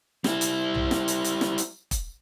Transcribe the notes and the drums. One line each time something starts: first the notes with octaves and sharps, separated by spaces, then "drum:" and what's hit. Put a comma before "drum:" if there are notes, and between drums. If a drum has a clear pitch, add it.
G3 E4, drum: snare
drum: hi-hat
drum: tom B1
drum: snare
drum: hi-hat
drum: hi-hat
drum: snare
drum: hi-hat
drum: kick E1, hi-hat